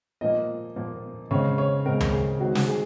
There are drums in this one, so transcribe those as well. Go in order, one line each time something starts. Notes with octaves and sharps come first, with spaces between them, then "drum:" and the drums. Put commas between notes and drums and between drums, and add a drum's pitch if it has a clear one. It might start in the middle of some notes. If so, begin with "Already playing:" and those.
A#2 F3 A#3 D#5
A#2 F3 A#3
C#3 G#3 C4 C#5
C#5
C#3 G#3 C4 A#4
drum: tom C#2
G#4
D#3 G#3 C4 F#4
drum: snare
G#4